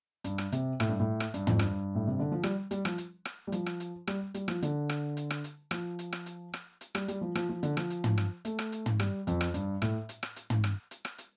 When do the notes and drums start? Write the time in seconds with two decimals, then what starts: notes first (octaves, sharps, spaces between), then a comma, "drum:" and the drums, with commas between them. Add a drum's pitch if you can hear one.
0.24 G2, drum: hi-hat
0.38 drum: rim click
0.52 C3, drum: hi-hat
0.80 A2, drum: rim click
0.89 G2
1.00 A2
1.20 drum: rim click
1.34 G2, drum: hi-hat
1.47 F2, drum: tom
1.59 G2, drum: rim click
1.95 A2
2.07 C3
2.19 D3
2.32 F3
2.43 G3, drum: rim click
2.71 G3, drum: hi-hat
2.85 F3, drum: rim click
2.98 drum: hi-hat
3.25 drum: rim click
3.47 G3
3.52 F3, drum: hi-hat
3.66 drum: rim click
3.80 drum: hi-hat
4.07 G3, drum: rim click
4.34 G3, drum: hi-hat
4.48 F3, drum: rim click
4.62 D3, drum: hi-hat
4.89 drum: rim click
5.17 drum: hi-hat
5.30 drum: rim click
5.44 drum: hi-hat
5.71 F3, drum: rim click
5.99 drum: hi-hat
6.12 drum: rim click
6.26 drum: hi-hat
6.53 drum: rim click
6.81 drum: hi-hat
6.95 G3, drum: rim click
7.08 G3, drum: hi-hat
7.21 F3
7.35 F3, drum: rim click
7.49 F3
7.63 D3, drum: hi-hat
7.77 F3, drum: rim click
7.90 drum: hi-hat
8.04 drum: tom
8.18 drum: rim click
8.45 A3, drum: hi-hat
8.59 drum: rim click
8.72 drum: hi-hat
8.86 drum: tom
9.00 G3, drum: rim click
9.27 F2, drum: hi-hat
9.41 drum: rim click
9.54 G2, drum: hi-hat
9.82 A2, drum: rim click
10.09 drum: hi-hat
10.23 drum: rim click
10.36 drum: hi-hat
10.50 drum: tom
10.64 drum: rim click
10.91 drum: hi-hat
11.05 drum: rim click
11.18 drum: hi-hat